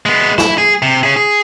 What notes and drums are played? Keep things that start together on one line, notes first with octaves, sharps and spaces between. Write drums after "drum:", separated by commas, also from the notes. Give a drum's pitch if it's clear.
G#3 B3
E4, drum: snare
G#4
C3
C#4 G#4
G#4